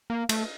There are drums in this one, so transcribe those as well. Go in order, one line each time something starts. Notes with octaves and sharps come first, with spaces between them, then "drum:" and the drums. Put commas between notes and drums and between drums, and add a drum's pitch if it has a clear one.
A#3
A3, drum: cymbal